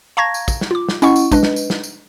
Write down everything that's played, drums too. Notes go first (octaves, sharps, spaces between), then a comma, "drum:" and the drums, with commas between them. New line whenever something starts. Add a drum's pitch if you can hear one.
F5 A5 A#5 C#6 G#6 A#6
drum: tambourine
drum: kick, tambourine
drum: snare
F4 D6
drum: snare
C#4 E4 D#5 F#5 C#6, drum: tambourine
drum: tambourine
G#3 D4 B4 D#5, drum: kick, tambourine
drum: snare
drum: tambourine
drum: snare
drum: tambourine